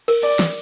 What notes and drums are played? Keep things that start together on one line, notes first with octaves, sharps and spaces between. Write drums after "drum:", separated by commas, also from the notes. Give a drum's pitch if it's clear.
A#4, drum: cymbal
D5
drum: snare